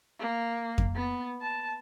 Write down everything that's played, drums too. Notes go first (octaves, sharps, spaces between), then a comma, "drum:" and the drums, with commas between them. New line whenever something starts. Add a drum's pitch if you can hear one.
A#3
drum: kick F2
B3
A5